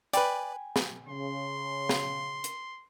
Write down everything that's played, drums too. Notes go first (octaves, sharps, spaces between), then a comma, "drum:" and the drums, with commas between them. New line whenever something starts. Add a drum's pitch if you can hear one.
B4 D5 G5 G#5 B5, drum: hi-hat
drum: snare
C#3 C6
drum: snare
drum: hi-hat